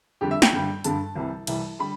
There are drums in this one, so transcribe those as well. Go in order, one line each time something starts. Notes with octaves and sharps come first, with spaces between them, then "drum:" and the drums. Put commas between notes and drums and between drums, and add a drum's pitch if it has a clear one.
F2 D3 G3 G4
E5
G5, drum: snare
G2 D3 G3
G2 D3 G3 A5, drum: hi-hat
C2 C3 E3 G3
C2 C3 E3 G3, drum: cymbal
D3 G3 B5